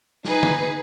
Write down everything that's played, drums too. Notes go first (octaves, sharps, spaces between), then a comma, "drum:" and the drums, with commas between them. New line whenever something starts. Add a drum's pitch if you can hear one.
D#4 G#4 B4, drum: snare
drum: tom